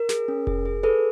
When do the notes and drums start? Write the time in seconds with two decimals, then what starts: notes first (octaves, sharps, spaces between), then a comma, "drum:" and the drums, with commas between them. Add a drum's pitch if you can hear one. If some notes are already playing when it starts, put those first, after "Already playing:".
Already playing: A#4
0.09 G#4, drum: snare
0.28 C#4
0.47 G#4, drum: kick F1
0.66 G#4
0.83 G#4 A4 B4